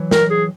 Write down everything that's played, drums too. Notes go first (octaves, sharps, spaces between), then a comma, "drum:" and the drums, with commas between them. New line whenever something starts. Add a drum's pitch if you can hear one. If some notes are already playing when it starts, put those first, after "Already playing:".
Already playing: E3 F#3
A#4, drum: snare
G#4